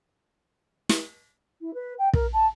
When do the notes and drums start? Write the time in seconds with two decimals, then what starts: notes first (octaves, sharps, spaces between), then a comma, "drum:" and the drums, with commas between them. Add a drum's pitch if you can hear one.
0.89 drum: snare
1.61 E4
1.74 B4
1.98 G5
2.13 A#4, drum: kick
2.33 A5